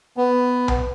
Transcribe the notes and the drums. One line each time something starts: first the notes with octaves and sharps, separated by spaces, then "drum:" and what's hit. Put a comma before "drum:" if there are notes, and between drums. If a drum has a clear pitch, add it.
B3
drum: tom B1